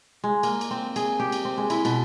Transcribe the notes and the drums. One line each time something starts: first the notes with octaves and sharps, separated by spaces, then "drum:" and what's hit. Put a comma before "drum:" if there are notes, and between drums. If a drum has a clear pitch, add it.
G#3
A#3, drum: cymbal
drum: cymbal
C4
G#4, drum: cymbal
G4
drum: cymbal
C4
G#3
E4, drum: cymbal
B2, drum: cymbal